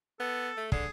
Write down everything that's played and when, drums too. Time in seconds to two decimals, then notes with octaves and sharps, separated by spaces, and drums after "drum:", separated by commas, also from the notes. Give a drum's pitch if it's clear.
0.20 B3 A4
0.57 A3
0.72 D3 G#4, drum: kick